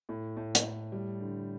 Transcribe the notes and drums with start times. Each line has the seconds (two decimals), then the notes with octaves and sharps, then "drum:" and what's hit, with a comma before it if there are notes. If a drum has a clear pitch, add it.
0.09 A2
0.37 A2
0.55 drum: hi-hat
0.64 A2
0.92 G3
1.20 D3